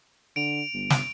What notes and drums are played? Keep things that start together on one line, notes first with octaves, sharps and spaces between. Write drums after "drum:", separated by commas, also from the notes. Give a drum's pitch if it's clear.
D3 D7 F7
G1
drum: snare